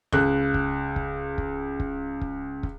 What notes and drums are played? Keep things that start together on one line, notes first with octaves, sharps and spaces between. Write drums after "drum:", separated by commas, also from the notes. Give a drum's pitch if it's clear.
C#2 F#6, drum: kick
drum: kick
drum: kick
drum: kick
drum: kick
drum: kick
drum: kick